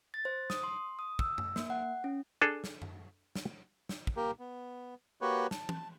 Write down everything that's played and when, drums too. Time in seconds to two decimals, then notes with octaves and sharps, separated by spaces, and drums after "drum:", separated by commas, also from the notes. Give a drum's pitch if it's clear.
0.14 A6
0.25 C5
0.50 D#6, drum: snare
0.63 C6
0.99 D#6
1.19 E6, drum: kick
1.38 drum: tom F#2
1.56 A#3, drum: snare
1.70 F#5
2.04 C#4
2.41 D4 G#4 A4
2.64 drum: snare
2.82 drum: tom F#2
3.36 drum: snare
3.89 drum: snare
4.07 drum: kick
4.17 A#3 G4 A#4
4.39 B3
5.21 A#3 F#4 G4 B4 C#5
5.51 A5, drum: snare
5.69 drum: tom